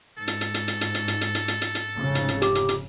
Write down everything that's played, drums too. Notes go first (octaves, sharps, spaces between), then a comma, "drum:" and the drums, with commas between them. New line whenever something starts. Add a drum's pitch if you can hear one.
G#2 A4
drum: hi-hat
drum: hi-hat
drum: hi-hat
drum: hi-hat
drum: hi-hat
drum: hi-hat
drum: hi-hat
drum: hi-hat
drum: hi-hat
drum: hi-hat
drum: hi-hat
drum: hi-hat
F1 G#2 C#3
drum: hi-hat
drum: hi-hat
G4 D6, drum: hi-hat
drum: hi-hat
drum: hi-hat